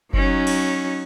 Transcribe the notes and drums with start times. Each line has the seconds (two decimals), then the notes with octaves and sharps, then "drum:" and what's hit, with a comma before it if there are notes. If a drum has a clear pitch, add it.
0.13 F#3 C#4 D#4, drum: kick F#1
0.47 drum: cymbal